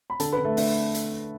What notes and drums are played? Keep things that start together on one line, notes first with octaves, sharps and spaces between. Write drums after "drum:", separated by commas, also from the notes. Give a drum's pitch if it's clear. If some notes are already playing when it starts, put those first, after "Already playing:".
B5
D3 A4 A5, drum: hi-hat
B4 B5
D3
A3 A4
D3 A3 A4, drum: open hi-hat
drum: hi-hat